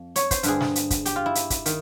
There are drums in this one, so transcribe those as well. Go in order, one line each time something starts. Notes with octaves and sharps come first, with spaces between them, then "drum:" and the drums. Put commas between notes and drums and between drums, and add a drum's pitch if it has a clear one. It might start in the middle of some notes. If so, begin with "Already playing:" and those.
Already playing: F2
C#5, drum: hi-hat
C5, drum: kick, hi-hat
G2 D3 G#4, drum: hi-hat
drum: snare
drum: hi-hat
drum: kick, hi-hat
G4, drum: hi-hat
F4
E4
drum: hi-hat
drum: kick, hi-hat
D#3, drum: hi-hat